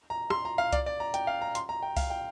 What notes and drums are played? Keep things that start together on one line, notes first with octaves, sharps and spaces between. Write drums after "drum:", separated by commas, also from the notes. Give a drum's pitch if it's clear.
A#5
C6, drum: rim click
A#5
F5
D5, drum: kick C2, hi-hat
D5
A#5
G5, drum: hi-hat
F5
A#5
C6, drum: hi-hat
A#5
G5
F5, drum: kick C2, open hi-hat
G5